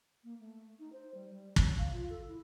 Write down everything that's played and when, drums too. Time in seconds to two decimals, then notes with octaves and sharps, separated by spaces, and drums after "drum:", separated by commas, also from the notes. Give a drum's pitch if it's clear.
0.24 A#3
0.40 A3
0.79 D#4
0.93 C5
1.14 G3
1.30 G3
1.56 F#3, drum: kick
1.78 F5
1.93 F4
2.10 A4
2.28 E4